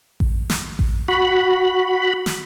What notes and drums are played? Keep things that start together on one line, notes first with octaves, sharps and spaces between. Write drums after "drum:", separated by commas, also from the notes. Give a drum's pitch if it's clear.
drum: kick A1
drum: snare
drum: kick A1
F#4 B5
drum: snare